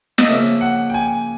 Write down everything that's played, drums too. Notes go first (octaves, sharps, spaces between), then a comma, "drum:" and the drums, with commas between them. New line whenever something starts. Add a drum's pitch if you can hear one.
D#5, drum: snare
C#3 F3 A#3 C#4 F4 E5
F#5
G5
G#5